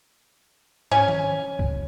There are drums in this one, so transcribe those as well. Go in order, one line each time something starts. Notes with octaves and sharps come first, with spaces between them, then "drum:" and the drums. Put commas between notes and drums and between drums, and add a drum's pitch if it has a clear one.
C#4 G#5, drum: tom
drum: tom D#3
drum: kick C2